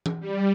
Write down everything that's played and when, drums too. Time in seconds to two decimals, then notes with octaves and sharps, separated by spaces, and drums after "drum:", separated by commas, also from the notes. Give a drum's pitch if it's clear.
0.06 drum: tom E3
0.20 G3